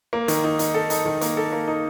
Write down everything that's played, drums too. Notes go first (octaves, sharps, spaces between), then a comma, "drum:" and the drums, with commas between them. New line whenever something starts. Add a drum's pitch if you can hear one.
A#3
D#3, drum: hi-hat
D#4
D#4, drum: hi-hat
A4
D#4, drum: hi-hat
D#3
A#3, drum: hi-hat
A4
A#3
D#4